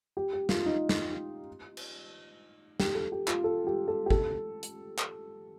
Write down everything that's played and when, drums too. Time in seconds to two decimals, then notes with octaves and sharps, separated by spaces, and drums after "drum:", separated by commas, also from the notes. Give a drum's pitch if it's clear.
0.17 G4
0.33 G4
0.49 F4, drum: snare
0.66 D#4
0.89 drum: snare
1.77 drum: cymbal
2.80 G4, drum: snare
2.95 A4
3.12 G4
3.28 F4, drum: clap
3.44 A4
3.67 G4
3.88 A4
4.06 G4
4.10 A4, drum: kick
4.63 drum: hi-hat
4.99 drum: clap